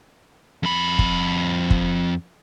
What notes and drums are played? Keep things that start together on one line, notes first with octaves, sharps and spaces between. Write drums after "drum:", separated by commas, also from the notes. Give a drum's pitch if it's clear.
F2 B5
drum: kick
drum: kick